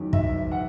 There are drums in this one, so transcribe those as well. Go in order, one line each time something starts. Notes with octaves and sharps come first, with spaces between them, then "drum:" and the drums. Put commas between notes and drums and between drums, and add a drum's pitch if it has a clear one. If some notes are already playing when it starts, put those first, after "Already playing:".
Already playing: F#1 E2 D#3 F#3
E5, drum: kick
F#5